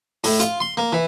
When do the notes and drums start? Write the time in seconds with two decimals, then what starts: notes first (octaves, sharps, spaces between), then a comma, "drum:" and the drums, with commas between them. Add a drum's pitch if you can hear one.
0.24 A2, drum: open hi-hat
0.40 F4, drum: hi-hat
0.60 C6
0.77 A#3
0.93 E3